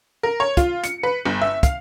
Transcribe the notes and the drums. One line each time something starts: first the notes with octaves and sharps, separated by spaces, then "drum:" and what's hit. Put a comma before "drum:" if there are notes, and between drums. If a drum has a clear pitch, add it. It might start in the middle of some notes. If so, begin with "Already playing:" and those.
A#4
C#5
F4, drum: kick, hi-hat
C#7, drum: hi-hat
B4
G1
E5
F5, drum: kick, hi-hat